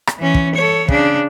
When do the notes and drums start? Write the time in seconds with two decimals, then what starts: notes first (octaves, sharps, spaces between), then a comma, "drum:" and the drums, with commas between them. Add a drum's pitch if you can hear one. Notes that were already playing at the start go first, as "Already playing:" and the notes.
0.07 drum: rim click
0.18 E3 C#4
0.34 drum: kick
0.55 A4 C#5
0.88 C#3 D4, drum: kick